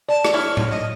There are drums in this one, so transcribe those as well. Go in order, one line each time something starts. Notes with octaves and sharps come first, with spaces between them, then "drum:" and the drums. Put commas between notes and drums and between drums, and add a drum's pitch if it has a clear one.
D5 A5
drum: rim click
D4 E4 C#5 F6
drum: tom A2
D#5